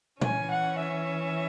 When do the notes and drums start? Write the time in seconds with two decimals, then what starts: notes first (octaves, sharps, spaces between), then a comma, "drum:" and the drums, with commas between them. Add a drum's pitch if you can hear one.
0.21 E3 C#4 G#5, drum: tom A#2
0.51 F#5
0.79 E5